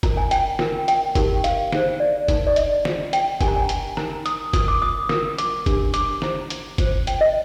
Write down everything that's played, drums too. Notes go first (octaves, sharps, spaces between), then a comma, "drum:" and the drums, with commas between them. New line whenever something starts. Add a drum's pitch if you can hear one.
F4 A#4 A#5, drum: kick F#1, hi-hat
G#5
G5, drum: hi-hat
F4 A#4, drum: snare
G5, drum: hi-hat
D#4 G4 A#4, drum: kick F#1, hi-hat
F5, drum: hi-hat
D#4 G#4 C5, drum: snare
D5
D#4 A#4, drum: kick F#1, hi-hat
D5
D#5, drum: hi-hat
F4 G#4 C5, drum: snare
G5, drum: hi-hat
D4 G4 A#4 G#5, drum: kick F#1, hi-hat
A#5
G#5
drum: hi-hat
D#4 A#4 A#5, drum: snare
D#6, drum: hi-hat
F4 A#4 D#6, drum: kick F#1, hi-hat
D6
D#6
F4 A#4, drum: snare
D6, drum: hi-hat
D4 G4 A#4, drum: kick F#1, hi-hat
D6, drum: hi-hat
F4 C5 A#5, drum: snare
drum: hi-hat
F4 C5, drum: kick F#1, hi-hat
G5, drum: hi-hat
D#5